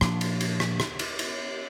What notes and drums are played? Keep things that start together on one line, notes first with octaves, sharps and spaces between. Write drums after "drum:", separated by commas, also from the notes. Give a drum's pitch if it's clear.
A#2 F3 A#3 D4, drum: rim click
drum: cymbal
drum: cymbal
drum: rim click
drum: rim click
drum: cymbal
drum: cymbal